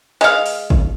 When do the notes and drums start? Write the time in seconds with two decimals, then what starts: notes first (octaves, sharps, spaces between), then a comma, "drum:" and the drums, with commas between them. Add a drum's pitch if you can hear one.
0.21 G#3 F5
0.46 drum: open hi-hat
0.70 drum: kick G#1